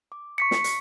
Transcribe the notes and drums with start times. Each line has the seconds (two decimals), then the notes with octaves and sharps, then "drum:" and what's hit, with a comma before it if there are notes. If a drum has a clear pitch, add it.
0.12 D6
0.38 C#6 B6 C#7
0.51 drum: snare
0.64 drum: hi-hat